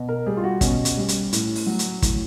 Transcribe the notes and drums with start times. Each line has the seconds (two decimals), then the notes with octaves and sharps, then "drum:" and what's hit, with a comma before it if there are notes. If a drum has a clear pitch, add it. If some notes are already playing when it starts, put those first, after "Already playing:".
Already playing: B2
0.09 A#4
0.26 G3 G#4
0.37 F4
0.44 F#4
0.61 B2 C#4, drum: kick, hi-hat
0.85 drum: hi-hat
0.97 G3
1.08 drum: hi-hat
1.33 A2, drum: hi-hat
1.55 drum: open hi-hat
1.67 F#3
1.79 drum: hi-hat
2.02 A2, drum: kick, hi-hat